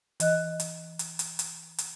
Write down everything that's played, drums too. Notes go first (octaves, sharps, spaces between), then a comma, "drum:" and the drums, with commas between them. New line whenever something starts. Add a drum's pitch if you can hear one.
E3 D#5 F#6, drum: hi-hat
drum: hi-hat
drum: hi-hat
drum: hi-hat
drum: hi-hat
drum: hi-hat